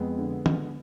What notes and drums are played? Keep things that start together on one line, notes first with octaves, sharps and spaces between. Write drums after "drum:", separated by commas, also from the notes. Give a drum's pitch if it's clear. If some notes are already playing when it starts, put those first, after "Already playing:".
Already playing: F2 G#3 B3
D3
D3, drum: tom